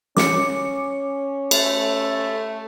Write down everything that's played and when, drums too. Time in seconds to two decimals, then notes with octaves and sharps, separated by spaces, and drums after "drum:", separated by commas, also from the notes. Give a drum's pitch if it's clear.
0.17 C#4 D6 C#7, drum: snare
1.51 A3, drum: cymbal